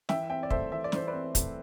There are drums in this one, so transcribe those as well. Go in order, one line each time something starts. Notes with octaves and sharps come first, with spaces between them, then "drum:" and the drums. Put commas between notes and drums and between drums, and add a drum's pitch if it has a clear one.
E3 E5 G5, drum: snare
C4 E5 G5
D5
A3 C5 E5, drum: kick
E3 E5
D5
E3 C5, drum: snare
B4 D5
C4
A3, drum: kick, hi-hat